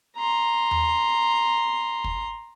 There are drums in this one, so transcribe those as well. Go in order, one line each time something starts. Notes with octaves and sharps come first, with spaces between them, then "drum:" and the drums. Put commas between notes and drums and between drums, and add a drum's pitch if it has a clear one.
A#5 C6
drum: tom D#2
drum: kick